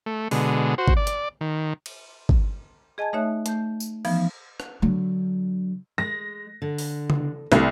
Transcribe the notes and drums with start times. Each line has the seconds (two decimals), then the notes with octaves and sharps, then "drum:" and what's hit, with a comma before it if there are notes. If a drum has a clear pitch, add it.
0.06 A3
0.31 B2 D3 G#3, drum: open hi-hat
0.78 F#4 C5
0.88 drum: kick
0.97 D5
1.07 drum: hi-hat
1.41 D#3
1.86 drum: cymbal
2.29 drum: kick
2.98 G#4 D#5 G#5 A5 G#6
3.13 A3 D#4 C#5 E5 F#6
3.46 A3 G6, drum: hi-hat
3.80 drum: tambourine
4.05 E3 F3 B3 D#4, drum: cymbal
4.60 drum: rim click
4.82 D3 F#3
5.98 G#3 A#6
6.62 D3
6.78 drum: open hi-hat
7.10 drum: tom C#3
7.52 C2 A3, drum: snare